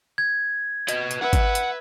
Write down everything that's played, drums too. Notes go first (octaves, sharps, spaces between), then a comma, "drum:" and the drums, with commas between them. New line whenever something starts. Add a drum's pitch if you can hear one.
G#6
B4 D#5, drum: hi-hat
drum: hi-hat
B4 E5 F#5
drum: kick G#1, hi-hat
drum: hi-hat